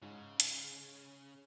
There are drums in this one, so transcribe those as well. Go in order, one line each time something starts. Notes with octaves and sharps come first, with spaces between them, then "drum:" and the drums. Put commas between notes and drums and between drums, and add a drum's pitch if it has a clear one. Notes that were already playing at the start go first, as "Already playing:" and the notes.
G#2 C#3
drum: hi-hat